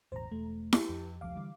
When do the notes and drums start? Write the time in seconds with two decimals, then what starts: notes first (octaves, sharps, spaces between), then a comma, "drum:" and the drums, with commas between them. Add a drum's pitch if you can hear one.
0.12 E1 A1 C5 A#5
0.32 E1 A3
0.73 G4, drum: snare E4
0.89 F2
1.21 F1 C#2 F3 F5 D6
1.35 D3 E3 G3